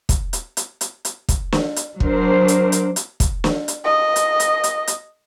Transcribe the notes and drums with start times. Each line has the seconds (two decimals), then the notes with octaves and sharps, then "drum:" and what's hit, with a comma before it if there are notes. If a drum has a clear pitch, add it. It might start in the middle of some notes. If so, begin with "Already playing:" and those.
0.09 drum: kick, hi-hat
0.33 drum: hi-hat
0.57 drum: hi-hat
0.81 drum: hi-hat
1.05 drum: hi-hat
1.29 drum: kick, hi-hat
1.52 drum: snare
1.76 drum: hi-hat
2.00 F#3 D4 A#4 C5, drum: kick
2.48 drum: hi-hat
2.72 drum: hi-hat
2.96 drum: hi-hat
3.20 drum: kick, hi-hat
3.44 drum: snare
3.68 drum: hi-hat
3.85 D#5
4.16 drum: hi-hat
4.40 drum: hi-hat
4.64 drum: hi-hat
4.87 drum: hi-hat